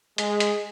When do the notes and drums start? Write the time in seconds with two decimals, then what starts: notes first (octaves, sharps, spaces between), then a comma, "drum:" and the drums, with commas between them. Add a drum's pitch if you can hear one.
0.18 G#3, drum: hi-hat
0.40 drum: hi-hat